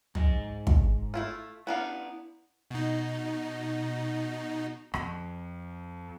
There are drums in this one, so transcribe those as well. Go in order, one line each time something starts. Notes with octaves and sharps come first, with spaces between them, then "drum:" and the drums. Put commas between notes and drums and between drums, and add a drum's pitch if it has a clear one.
G#2 D#5, drum: tom
drum: kick
A3 E4 F4
B3 D4 E4 F5 A#5
B2 D#4
F2, drum: rim click